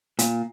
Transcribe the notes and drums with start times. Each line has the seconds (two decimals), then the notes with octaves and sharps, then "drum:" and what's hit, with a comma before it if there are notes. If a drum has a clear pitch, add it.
0.19 A#2, drum: hi-hat